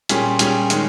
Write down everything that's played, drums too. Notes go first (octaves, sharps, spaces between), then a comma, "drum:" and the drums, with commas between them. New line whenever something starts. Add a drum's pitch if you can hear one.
A#2 G3 C#4 G#4, drum: hi-hat
A#2 G3 C#4 G#4, drum: hi-hat
D#3 G#3 C#4, drum: hi-hat